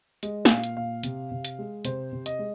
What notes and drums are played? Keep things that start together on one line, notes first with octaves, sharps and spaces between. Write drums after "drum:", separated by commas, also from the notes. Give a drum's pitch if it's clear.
G#3 D#5, drum: hi-hat
G#5, drum: snare
A#2 F5
drum: hi-hat
A#2 F5
C3, drum: hi-hat
C3
drum: hi-hat
G#3
C3 C5, drum: hi-hat
C3
D#5, drum: hi-hat
G#3